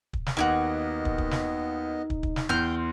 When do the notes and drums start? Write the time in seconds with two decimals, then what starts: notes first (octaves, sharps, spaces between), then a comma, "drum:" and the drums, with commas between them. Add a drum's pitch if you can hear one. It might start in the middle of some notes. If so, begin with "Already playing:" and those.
0.13 drum: kick
0.26 drum: snare
0.37 D#2 A#3 B3 D#4 E4 F#4 D#5
1.05 drum: kick
1.18 drum: kick
1.31 drum: snare
2.10 drum: kick
2.23 drum: kick
2.36 drum: snare
2.49 E2 G5 C6 F6 G6
2.77 C6